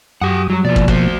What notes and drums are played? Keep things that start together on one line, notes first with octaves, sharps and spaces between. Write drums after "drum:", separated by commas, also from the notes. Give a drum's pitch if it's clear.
F#2 F#3 G4 F#5 D#6
F#3 G3 F#4
F2 B2 F3 A#3 D5
drum: kick
F#4 C5, drum: kick